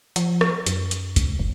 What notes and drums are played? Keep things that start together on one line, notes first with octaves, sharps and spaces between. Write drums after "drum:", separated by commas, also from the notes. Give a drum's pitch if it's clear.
F3, drum: hi-hat
drum: rim click
F#2, drum: hi-hat
drum: hi-hat
drum: kick C#2, hi-hat
F#1